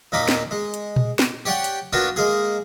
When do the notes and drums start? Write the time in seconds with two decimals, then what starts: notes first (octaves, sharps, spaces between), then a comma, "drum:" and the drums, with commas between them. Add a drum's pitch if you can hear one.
0.12 D#2 A#2 D#4 B5 D6
0.28 drum: snare
0.51 G#3
0.74 drum: hi-hat
0.96 drum: tom A#2
1.19 drum: snare
1.45 G4 C#5 D5 F#5 G5
1.64 drum: hi-hat
1.93 A#3 B3 D4 F4 F#4
2.16 G#3 A#3 G#4